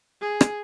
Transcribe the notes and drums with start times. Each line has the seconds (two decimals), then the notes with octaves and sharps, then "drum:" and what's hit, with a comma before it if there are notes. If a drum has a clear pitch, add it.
0.21 G#4
0.41 drum: rim click